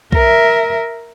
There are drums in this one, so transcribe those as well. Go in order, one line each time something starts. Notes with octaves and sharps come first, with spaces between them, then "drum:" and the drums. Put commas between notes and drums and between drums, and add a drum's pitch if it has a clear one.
A#4 E5, drum: kick B1